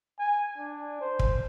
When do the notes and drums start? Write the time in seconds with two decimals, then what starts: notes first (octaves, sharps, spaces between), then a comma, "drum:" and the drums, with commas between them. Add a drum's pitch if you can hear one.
0.19 G#5
0.58 D4
1.01 C5
1.19 drum: kick